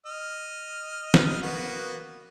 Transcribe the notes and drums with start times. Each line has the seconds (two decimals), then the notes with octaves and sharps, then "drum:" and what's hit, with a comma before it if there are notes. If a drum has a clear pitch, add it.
0.06 D#5 F6
1.14 drum: snare
1.42 A#3 B3 F#4